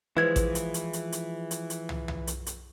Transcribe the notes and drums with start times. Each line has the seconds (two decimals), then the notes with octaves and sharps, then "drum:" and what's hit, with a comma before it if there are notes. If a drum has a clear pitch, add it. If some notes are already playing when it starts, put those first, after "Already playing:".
0.17 E3 F3 G#3 E4 B4 G#6
0.36 drum: kick A1, hi-hat
0.55 drum: hi-hat
0.74 drum: hi-hat
0.93 drum: hi-hat
1.12 drum: hi-hat
1.51 drum: hi-hat
1.70 drum: hi-hat
1.89 drum: tom
2.08 drum: tom
2.27 drum: hi-hat
2.46 drum: hi-hat